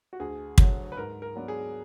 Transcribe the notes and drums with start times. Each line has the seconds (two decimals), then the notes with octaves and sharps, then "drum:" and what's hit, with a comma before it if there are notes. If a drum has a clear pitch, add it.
0.13 F#4
0.20 D2 G#4
0.58 D3 F#3, drum: kick
0.92 B4
0.97 G#2 A#4
1.22 A#4
1.35 F#3 B3 D4
1.48 G#4